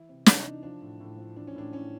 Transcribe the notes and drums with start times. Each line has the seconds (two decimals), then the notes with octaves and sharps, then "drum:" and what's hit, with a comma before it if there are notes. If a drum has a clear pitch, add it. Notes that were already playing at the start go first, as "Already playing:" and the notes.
Already playing: E3 E4
0.09 C3
0.26 C3 D#4, drum: snare
0.45 E3 D4
0.63 F3 D4
0.81 A2
1.00 A2
1.18 F3
1.36 E3 D4
1.47 C#4
1.55 A2 D4
1.73 A2 C#4